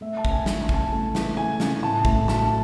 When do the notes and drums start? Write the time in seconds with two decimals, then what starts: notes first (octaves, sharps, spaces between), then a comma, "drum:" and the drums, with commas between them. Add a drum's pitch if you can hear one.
0.01 A3 E5
0.17 A5
0.25 C#3, drum: kick A1
0.31 G#5
0.46 E3 A5, drum: snare
0.61 G#5
0.69 C#3, drum: kick A1
0.74 A5
0.92 A3
1.15 E3, drum: snare
1.37 A3 G#5
1.60 C#3, drum: snare
1.83 A2 A5
2.05 A3, drum: kick A1
2.28 F#3 A5, drum: snare